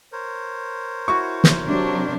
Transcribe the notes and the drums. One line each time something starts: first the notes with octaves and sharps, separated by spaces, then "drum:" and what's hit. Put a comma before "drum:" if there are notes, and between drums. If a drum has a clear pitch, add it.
A#4 C5 C#5
E4 F#4 C#6
drum: snare
C3 F#3 D4